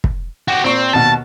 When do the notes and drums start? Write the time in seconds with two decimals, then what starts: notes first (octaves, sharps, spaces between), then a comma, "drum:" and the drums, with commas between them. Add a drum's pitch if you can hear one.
0.04 drum: kick
0.48 F#4 G4
0.64 A#2 C4 C#6
0.93 D#2 B2 A5